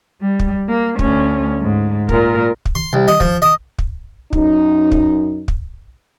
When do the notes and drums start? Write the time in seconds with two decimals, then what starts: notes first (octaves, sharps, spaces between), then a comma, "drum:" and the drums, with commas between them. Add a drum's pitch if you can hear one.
0.22 G3
0.39 drum: kick
0.69 A#3
0.99 D2 C#4, drum: kick
1.60 G#2
2.09 A#2 A#4, drum: kick
2.65 drum: kick
2.75 C6
2.93 C2
3.08 D#5
3.20 F3, drum: kick
3.42 D#5
3.78 drum: kick
4.33 F#2 D#4, drum: kick
4.92 drum: kick
5.48 drum: kick